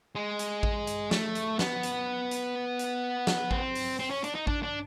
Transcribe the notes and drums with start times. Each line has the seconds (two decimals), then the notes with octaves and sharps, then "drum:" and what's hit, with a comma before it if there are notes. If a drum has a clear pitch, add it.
0.15 G#3
0.39 drum: hi-hat
0.63 drum: kick A1
0.87 drum: hi-hat
1.11 A3, drum: snare
1.35 drum: hi-hat
1.59 B3, drum: snare
1.83 drum: hi-hat
2.31 drum: hi-hat
2.79 drum: hi-hat
3.27 drum: snare
3.51 C4, drum: kick A1
3.75 drum: open hi-hat
3.99 C4
4.11 C#4
4.24 D4, drum: hi-hat
4.35 D#4
4.47 D4, drum: kick A1
4.63 D4